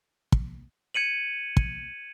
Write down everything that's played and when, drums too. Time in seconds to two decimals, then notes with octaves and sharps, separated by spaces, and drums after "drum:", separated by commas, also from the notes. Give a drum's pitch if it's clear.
0.32 drum: kick
0.94 G#6 C#7 D#7 F#7
1.57 drum: kick